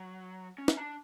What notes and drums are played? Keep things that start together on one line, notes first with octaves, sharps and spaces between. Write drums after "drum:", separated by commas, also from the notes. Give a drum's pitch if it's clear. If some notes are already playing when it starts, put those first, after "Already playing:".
Already playing: F#3
C#4
drum: snare
D4